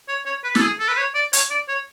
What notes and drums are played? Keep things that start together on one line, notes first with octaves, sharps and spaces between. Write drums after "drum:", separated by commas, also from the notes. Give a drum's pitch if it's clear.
C#5
C#5
B4
A4, drum: snare
G#4
A4
B4
C#5
D5
C#5, drum: hi-hat
D5
C#5